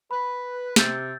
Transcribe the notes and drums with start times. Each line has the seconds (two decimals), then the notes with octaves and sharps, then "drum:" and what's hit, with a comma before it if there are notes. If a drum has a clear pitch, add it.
0.11 B4 B5
0.76 C3 E6 G6 A6, drum: snare